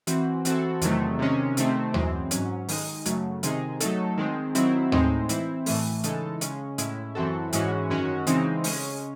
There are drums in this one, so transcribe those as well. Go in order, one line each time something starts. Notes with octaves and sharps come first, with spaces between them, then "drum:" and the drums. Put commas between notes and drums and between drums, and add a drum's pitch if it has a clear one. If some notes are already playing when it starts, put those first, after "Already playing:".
E3 C4 F#4, drum: hi-hat
E3 C4 F#4 A4, drum: hi-hat
E2 C3 D#3 F#3 A3, drum: hi-hat
C3 D#3 G#3 C#4
C3 D#3 A3 C4, drum: hi-hat
F#2 E3 G#3 C4, drum: tom D#2
G#2 F#3 C#4, drum: hi-hat
D#3 G#3 D#4, drum: open hi-hat
F#2 C#3 F#3 A3, drum: hi-hat
C3 D#3 G#3 D#4 G#4, drum: hi-hat
F#3 A3 D#4 A4, drum: hi-hat
D#3 G#3 C4
D#3 F#3 C4 E4, drum: hi-hat
A2 G#3 C4 D#4, drum: tom D#2
E3 C4 E4, drum: hi-hat
A2 E3 A3, drum: open hi-hat
C#3 E3 G#3 D#4 A4, drum: hi-hat
C#3 G#3 C#4, drum: hi-hat
A2 G#3 C#4 E4, drum: hi-hat
F#2 E3 C4 F#4 A4
G#2 E3 G#3 C#4 F#4, drum: hi-hat
F#2 D#3 G#3 C#4 F#4
C#3 E3 G#3 C4 D#4, drum: hi-hat
C#3 G#3 C#4, drum: open hi-hat